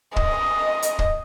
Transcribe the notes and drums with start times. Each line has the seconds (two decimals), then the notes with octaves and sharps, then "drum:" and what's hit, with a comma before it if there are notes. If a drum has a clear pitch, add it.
0.16 D#5, drum: kick
0.82 drum: hi-hat
0.99 drum: kick